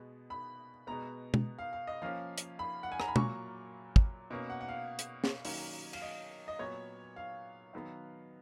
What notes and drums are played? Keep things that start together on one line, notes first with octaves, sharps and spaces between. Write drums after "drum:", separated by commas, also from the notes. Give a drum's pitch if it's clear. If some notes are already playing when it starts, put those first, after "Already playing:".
Already playing: B2 G#3 B3
B5
B2 G#3 B3 A#5
drum: tom B2
F5
F5
D#5
F3 A#3 C#4 F5
drum: hi-hat
B5
F#5
G#5
A#5, drum: rim click
B5
A#2 F#3 A#3 C#6, drum: tom B2
drum: kick
B2 A#3 C#4
F#5
F#5
F5
drum: hi-hat
drum: snare
D#3 F#3 A#3 C#4, drum: open hi-hat
F5, drum: cymbal
D#5
D#5
A#2 F#3 B3 C#5
F5
D#3 F#3 B3